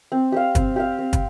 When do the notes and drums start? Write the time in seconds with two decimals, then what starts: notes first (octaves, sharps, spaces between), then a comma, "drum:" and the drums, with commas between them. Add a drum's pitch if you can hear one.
0.12 C4
0.32 G4 C5 F5
0.55 C4, drum: kick, hi-hat
0.76 G4 C5 F5
0.99 C4
1.13 drum: kick, hi-hat